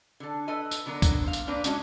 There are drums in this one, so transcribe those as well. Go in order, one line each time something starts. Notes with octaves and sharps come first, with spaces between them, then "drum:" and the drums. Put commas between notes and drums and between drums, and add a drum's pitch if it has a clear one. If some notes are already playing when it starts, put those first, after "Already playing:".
D3 A4
A4 B4 D#5 G#5
drum: tambourine
D3 F#3 B3 A#4
drum: kick, tambourine
C5 F5
drum: tambourine
A#2 A#3 C4 D4 B4 D5
G#3 C#4 D4 F#4 C#5 D#5, drum: tambourine